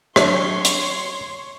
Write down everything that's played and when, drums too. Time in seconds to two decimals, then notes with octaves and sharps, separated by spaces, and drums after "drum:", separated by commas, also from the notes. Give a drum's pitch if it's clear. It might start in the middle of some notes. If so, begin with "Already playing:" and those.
0.16 F#3 D4 C#5 C6, drum: rim click
0.65 drum: hi-hat